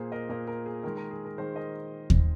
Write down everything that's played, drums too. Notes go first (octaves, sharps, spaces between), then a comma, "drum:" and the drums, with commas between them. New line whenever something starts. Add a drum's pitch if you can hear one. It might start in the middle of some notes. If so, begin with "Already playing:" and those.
Already playing: A#2 A#3 G#4 A#4 C5
A#4 D#5
A#2 A#3 A#4 D#5
A#4
G#4
D#3 G#3 A#4
A#4
G#4
A#4
D#3 G#3 G#4 C5
A#4 D#5
drum: kick D#2